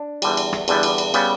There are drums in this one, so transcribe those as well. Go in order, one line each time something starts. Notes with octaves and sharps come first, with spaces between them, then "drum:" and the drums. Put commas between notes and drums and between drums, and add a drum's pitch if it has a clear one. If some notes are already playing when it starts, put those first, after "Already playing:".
Already playing: D4
E2 D3 G3, drum: cymbal
drum: cymbal
drum: rim click
E2 D3 G3 B3, drum: cymbal
drum: cymbal
drum: cymbal
C#3 G3 B3, drum: cymbal